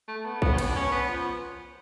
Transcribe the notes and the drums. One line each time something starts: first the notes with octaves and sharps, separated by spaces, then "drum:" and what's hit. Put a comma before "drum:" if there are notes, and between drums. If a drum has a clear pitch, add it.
A3
B3
B3, drum: kick A#1
C#4
B3, drum: cymbal
D4
C#4
B3
F3